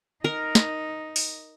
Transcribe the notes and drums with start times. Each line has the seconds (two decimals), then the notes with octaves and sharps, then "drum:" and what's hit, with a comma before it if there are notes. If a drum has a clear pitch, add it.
0.24 D#4 A#4
0.55 drum: snare
1.16 drum: open hi-hat